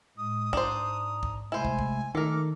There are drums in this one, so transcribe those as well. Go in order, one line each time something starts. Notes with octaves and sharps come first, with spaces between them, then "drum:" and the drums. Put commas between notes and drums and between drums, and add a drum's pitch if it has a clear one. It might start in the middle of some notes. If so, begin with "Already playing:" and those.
A2 G#3 D#6
G#2 D4 C5 A#5, drum: kick
drum: kick
C3 G#3 A3 E4 C5 G#5
drum: kick
drum: kick
D#3 A3 A4 A#4 D6